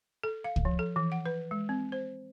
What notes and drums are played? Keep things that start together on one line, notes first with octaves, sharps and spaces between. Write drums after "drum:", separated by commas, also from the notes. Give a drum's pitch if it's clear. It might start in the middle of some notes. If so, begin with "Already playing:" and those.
A4
F5
drum: kick
F3
A4
E3
F#5
B4
G#3
C4
C5